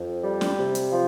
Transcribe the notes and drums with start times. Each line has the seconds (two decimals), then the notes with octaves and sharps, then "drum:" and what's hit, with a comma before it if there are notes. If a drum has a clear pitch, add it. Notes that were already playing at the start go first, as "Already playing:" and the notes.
Already playing: F2
0.24 G3
0.41 drum: snare
0.58 C3
0.75 drum: hi-hat
0.92 F3